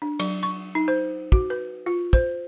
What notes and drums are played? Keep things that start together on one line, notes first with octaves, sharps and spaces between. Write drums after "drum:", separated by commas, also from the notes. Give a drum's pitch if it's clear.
D4
F#3, drum: cymbal
C#6
D#4
C5
F#4, drum: kick
B4
F4
C5, drum: kick